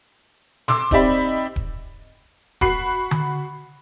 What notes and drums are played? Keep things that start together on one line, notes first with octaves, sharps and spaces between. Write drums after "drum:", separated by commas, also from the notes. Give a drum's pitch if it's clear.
C6 D6 E6, drum: snare
C4 D#4 G4 D5 E5 B5, drum: kick D#1
drum: kick D#1
F#4 B5 C7, drum: kick D#1
drum: tom D3